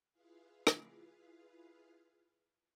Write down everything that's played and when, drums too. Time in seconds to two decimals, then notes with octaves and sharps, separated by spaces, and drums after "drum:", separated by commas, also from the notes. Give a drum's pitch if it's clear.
0.12 E4 F4 G#4 B4 F5
0.67 drum: rim click